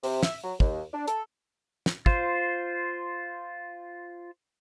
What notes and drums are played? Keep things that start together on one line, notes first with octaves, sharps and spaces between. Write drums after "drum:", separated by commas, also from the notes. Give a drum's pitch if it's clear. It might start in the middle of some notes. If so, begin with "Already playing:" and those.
C3, drum: open hi-hat
E5, drum: snare
F#3
D#2, drum: kick
D4
A4, drum: hi-hat
drum: snare
F4 C5, drum: kick